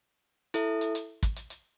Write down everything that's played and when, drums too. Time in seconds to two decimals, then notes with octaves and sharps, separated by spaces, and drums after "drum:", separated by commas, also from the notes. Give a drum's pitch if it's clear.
0.54 E4 A4 E5, drum: hi-hat
0.81 drum: hi-hat
0.95 drum: hi-hat
1.23 drum: kick, hi-hat
1.36 drum: hi-hat
1.50 drum: hi-hat